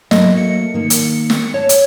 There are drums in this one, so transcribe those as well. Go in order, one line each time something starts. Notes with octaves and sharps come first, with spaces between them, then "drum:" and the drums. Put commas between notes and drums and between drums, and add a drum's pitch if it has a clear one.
F#3 A3 A#3 D#5, drum: snare
C#7
D#3 A#3
drum: hi-hat
drum: snare
C#5 A5
drum: hi-hat